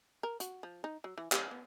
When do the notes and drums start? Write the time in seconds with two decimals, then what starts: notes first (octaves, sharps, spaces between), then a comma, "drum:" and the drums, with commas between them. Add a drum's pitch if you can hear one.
0.23 A#4
0.40 F#4, drum: hi-hat
0.63 F3
0.84 D#4
1.04 F#3
1.18 E3
1.32 G4, drum: clap
1.51 B3